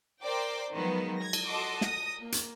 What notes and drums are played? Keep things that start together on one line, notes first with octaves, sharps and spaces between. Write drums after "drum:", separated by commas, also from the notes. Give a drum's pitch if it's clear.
A#4 C5 D5 G5 C6 D6
D#3 F3 F#3 G#3 B3
G#6 A#6
drum: cymbal
F#4 A4 D#5 F#5 C6 D6
D#6 A#6, drum: snare
A#3
drum: hi-hat